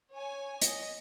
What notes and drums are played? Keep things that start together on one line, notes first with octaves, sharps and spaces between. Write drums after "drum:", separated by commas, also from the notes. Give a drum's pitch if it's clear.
C#5 G#5
D#5, drum: hi-hat